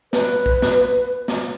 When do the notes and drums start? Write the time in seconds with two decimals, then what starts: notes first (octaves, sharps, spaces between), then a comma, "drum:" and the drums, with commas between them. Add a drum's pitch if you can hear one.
0.13 B4, drum: snare
0.46 drum: kick
0.62 drum: snare
1.28 drum: snare